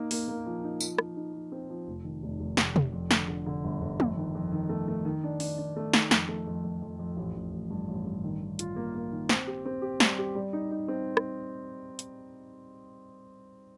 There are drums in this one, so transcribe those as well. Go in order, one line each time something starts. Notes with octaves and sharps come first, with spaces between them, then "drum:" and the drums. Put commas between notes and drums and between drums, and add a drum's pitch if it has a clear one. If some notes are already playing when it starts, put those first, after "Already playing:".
Already playing: A#3 D#4
A#3, drum: open hi-hat
A#3
F3
D#4
F3, drum: tambourine
F3, drum: rim click
D#4
F3
C4
F3
F1
D#3
F1
F1
F1, drum: snare
F1, drum: tom
F2
D3, drum: snare
D3
D3
G1
G1
F2, drum: tom
D#3
F2
D#3
A3
A3
D#3
D4
D4, drum: open hi-hat
D4
A3
D#3, drum: snare
F2, drum: snare
A3
F2
F2
F2
F2
A1
A1
A1
G2
A1
G2
D#3
D#3
F4, drum: hi-hat
A#3
A#3
D#3
C4, drum: snare
G4
C4
G4
G3, drum: snare
G4
G3
D#4
D#4
C4
drum: rim click
drum: hi-hat